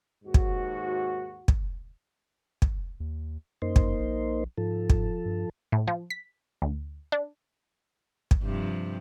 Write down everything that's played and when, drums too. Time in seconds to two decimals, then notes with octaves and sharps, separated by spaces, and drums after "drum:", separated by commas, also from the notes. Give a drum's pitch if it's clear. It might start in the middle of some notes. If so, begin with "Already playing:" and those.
0.24 D#2 G#2 F#4
0.34 drum: kick
1.48 drum: kick
2.62 drum: kick
3.00 D#2
3.62 F#2 A#3 D#4 C5
3.76 drum: kick
3.99 A#1
4.58 G#2 F3 A4
4.90 drum: kick
5.25 G2
5.72 A2
5.88 F3
6.10 B6
6.62 D2
7.12 D4
8.31 drum: kick
8.42 G2 C3 F3